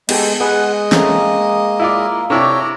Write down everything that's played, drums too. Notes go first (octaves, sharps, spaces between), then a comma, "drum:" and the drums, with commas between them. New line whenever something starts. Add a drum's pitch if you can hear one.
G#3 B3 G4 A4, drum: cymbal
G#3 G#4 B4 D#5 F#5
A3 A#3 C4 C#4, drum: snare
E4 F4 D5
C3 E4 G4 A4 C#5 D5 A#5